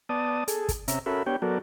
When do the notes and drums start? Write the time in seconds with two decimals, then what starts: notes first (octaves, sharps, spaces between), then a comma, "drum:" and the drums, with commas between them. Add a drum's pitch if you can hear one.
0.09 B3 D5 A5 D#6
0.48 G#4 A4, drum: hi-hat
0.68 drum: kick, hi-hat
0.88 C3 C#4 E5 A#5, drum: hi-hat
1.06 C#4 F#4 A4 A#4 E5 B5
1.26 B3 D4 G4 C#5 G5
1.42 F#3 B3 F#4 A4 A#4 D5